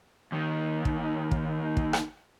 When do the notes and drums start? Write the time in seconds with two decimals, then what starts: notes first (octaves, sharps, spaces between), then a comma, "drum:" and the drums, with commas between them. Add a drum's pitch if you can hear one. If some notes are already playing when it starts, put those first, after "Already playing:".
0.32 D#2 D#3
0.85 drum: kick
1.31 drum: kick
1.77 drum: kick
1.93 drum: rim click